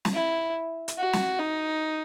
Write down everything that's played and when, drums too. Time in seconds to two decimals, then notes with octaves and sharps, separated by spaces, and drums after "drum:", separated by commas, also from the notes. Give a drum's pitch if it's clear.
0.05 drum: snare
0.14 E4
0.88 drum: hi-hat
0.98 F#4
1.13 drum: snare
1.39 D#4